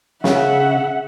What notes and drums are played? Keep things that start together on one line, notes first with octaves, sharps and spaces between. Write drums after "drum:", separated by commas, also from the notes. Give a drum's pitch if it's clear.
C#3 E5 F#5, drum: snare